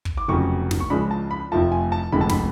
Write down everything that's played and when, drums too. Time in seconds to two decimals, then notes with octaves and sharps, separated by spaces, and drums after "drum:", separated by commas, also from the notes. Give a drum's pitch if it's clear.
0.05 drum: kick
0.17 D6
0.28 F1 F2 C#3 F#3 C#6
0.71 drum: snare
0.80 C#6
0.90 C#2 C#3 F3 G#3 D4 B5
1.11 A5
1.31 B5
1.51 F1 F2 F3 A3 F4 A5
1.72 G#5
1.92 A5
2.12 F1 F2 D3 G#3 B5
2.21 A5
2.30 B5, drum: snare